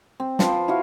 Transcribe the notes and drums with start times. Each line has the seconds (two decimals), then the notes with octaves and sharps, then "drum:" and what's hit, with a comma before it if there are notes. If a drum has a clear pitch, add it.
0.20 C4
0.39 F3 B4 C5, drum: snare
0.68 E4 F#4 F5